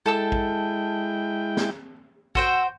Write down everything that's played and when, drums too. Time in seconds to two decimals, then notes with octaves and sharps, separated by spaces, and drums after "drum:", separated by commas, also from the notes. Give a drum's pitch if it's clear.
0.06 G#3 E4 A4 G5 A5 E6
0.32 drum: kick
1.57 drum: snare
2.35 F#4 C5 G5 E6, drum: kick